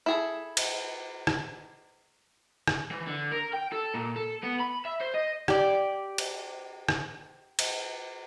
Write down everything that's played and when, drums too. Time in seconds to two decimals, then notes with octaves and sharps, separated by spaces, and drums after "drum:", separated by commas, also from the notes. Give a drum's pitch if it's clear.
0.06 E4 G#4 A4
0.57 drum: cymbal
1.27 drum: rim click
2.67 drum: rim click
2.91 E3
3.07 D3
3.32 A#4
3.53 G5
3.72 A4
3.95 A#2
4.16 A4
4.43 B3
4.60 B5
4.85 E5
5.01 C5
5.14 D#5
5.48 G4 D5, drum: rim click
6.18 drum: cymbal
6.89 drum: rim click
7.59 drum: cymbal